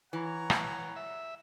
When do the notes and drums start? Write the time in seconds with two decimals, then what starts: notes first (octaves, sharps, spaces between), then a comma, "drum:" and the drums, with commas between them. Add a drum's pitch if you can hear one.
0.13 E3 C#5 F#5 A#5
0.50 drum: rim click
0.96 E5